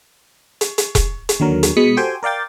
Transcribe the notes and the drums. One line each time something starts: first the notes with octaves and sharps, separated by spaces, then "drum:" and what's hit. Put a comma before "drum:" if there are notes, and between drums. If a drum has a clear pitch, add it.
drum: hi-hat
drum: hi-hat
drum: kick E1, hi-hat
drum: hi-hat
D#2 D3 F#3 A#4
drum: hi-hat
B2 G#3 B5 D#6 B6 C#7
F#4 G4 A4 C5 G5 G#5
A#4 D5 F5 G5 A6